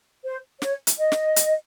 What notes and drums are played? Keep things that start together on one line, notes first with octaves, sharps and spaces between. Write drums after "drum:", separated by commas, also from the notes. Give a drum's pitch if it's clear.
C5
C#5, drum: snare
drum: hi-hat
D#5
drum: snare
drum: hi-hat